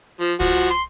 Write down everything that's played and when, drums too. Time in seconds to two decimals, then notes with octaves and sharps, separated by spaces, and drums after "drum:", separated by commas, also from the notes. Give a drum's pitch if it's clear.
0.21 F3
0.40 F3 F#4, drum: kick
0.71 C6